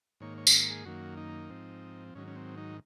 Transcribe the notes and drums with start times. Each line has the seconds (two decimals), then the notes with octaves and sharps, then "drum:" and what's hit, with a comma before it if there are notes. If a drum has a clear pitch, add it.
0.20 G#2 D#3 A#3 C#5
0.38 C#5
0.47 drum: tambourine
0.70 G#4
0.85 F#2 D#3 A#3 F#4
1.17 D#4
1.50 G#2 F3 C4
2.15 G#2 D#3 F#3 C#4
2.28 C#4
2.36 C4
2.58 D#4